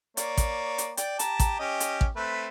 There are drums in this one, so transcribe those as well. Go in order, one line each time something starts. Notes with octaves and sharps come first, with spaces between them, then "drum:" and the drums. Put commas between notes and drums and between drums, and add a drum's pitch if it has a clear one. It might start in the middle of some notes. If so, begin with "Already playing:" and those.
A#3 C#5 D5, drum: hi-hat
drum: kick A1, hi-hat
drum: hi-hat
D5 G5, drum: hi-hat
G4 A5 A#5, drum: hi-hat
drum: kick A1, hi-hat
C#4 G4 D#5
drum: hi-hat
drum: kick A1
A3 C4 B4